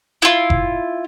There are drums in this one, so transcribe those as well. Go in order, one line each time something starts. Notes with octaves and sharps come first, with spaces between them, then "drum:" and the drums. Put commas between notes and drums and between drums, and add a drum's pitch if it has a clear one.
E4 F4
drum: kick F#1